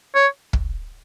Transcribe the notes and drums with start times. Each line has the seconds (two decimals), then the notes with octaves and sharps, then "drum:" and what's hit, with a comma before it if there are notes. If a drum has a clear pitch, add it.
0.15 C#5
0.53 drum: kick